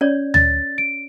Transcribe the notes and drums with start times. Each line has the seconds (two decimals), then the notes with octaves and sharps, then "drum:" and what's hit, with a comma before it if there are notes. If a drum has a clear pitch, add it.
0.01 C#4 C#5 D5
0.34 A6, drum: tom D2
0.78 D7